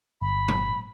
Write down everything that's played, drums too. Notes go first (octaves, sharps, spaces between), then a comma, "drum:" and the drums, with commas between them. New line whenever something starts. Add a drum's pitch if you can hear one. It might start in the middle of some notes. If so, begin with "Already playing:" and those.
G1 B5
drum: tom